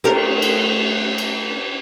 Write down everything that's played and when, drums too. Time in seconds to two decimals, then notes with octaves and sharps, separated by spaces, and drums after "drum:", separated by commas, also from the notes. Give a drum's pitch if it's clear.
0.04 A3 G4 A#4, drum: cymbal
0.42 drum: cymbal
1.18 drum: cymbal